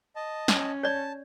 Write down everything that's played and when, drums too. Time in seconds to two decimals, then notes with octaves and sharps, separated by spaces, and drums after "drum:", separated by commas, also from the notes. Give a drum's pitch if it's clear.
0.16 D#5 A5
0.48 C#4, drum: snare
0.83 C#5 D5 A5